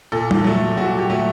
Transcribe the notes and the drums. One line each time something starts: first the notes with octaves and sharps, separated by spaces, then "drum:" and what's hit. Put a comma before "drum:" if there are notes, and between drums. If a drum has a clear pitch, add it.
A#2 A4
drum: tom G3
F#3 A3
A#2 F#4
G4
F#3 A3